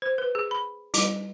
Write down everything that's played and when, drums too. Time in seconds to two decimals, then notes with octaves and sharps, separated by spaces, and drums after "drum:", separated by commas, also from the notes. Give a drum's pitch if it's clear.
0.02 C5
0.18 B4
0.35 G#4
0.51 B5
0.94 G3, drum: hi-hat